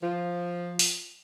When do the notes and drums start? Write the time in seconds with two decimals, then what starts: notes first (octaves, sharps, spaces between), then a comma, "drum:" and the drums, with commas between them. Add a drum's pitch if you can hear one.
0.04 F3
0.79 drum: open hi-hat